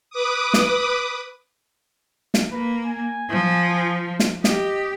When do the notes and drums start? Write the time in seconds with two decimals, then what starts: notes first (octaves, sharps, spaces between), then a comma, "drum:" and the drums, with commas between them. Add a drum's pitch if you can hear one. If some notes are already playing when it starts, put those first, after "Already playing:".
0.10 B4 D6 D#6
0.54 drum: snare
2.34 drum: snare
2.52 A#3 B4
2.86 G#5
3.30 F3
4.20 drum: snare
4.44 G4 D#5, drum: snare